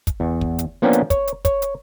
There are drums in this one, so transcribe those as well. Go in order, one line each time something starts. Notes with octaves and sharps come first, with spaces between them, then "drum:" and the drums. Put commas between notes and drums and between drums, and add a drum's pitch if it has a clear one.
drum: kick, hi-hat
E2
drum: kick
drum: hi-hat
F3 A#3 B3 C#4 D4 G5
drum: hi-hat
C#5, drum: kick, hi-hat
drum: hi-hat
C#5, drum: kick, hi-hat
drum: hi-hat